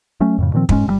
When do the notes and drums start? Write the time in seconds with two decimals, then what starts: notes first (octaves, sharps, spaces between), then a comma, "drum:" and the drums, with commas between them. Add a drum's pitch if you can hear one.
0.20 F#3 A3 C#4
0.38 F2 A2 C#3
0.53 A#2 D#3 F3 C4
0.69 G#2 G3 G#3 C#4, drum: kick
0.86 G1 D3 G3